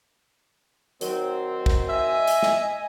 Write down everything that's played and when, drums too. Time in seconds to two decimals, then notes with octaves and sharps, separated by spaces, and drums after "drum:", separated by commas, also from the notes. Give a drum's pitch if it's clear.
1.01 D#3 F#3 C4, drum: hi-hat
1.66 drum: kick
1.89 D#5 E5 G#5
2.27 drum: hi-hat
2.43 drum: snare